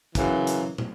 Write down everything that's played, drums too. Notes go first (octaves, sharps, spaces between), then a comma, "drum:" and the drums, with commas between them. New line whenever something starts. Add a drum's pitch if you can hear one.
F#2 C#3 E3, drum: kick, hi-hat
drum: hi-hat
drum: tom